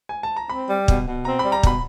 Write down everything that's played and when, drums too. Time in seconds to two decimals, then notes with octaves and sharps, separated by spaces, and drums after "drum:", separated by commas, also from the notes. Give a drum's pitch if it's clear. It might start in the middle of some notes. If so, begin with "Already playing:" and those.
0.09 G#5
0.23 A5
0.36 A#5
0.49 C4 B5
0.69 G3
0.88 B2, drum: kick
1.06 B2
1.25 C4 A#5
1.39 B5
1.44 G3
1.52 A#5
1.63 B2 B5, drum: kick